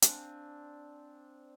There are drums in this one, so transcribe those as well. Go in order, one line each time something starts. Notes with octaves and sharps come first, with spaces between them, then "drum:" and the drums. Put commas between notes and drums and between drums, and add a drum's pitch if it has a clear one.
C4 D4 F5 G#5, drum: hi-hat